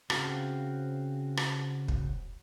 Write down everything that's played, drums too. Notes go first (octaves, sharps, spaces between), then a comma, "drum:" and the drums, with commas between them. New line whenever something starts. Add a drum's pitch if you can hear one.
C#3 C4 F#4 F5, drum: rim click
drum: rim click
drum: kick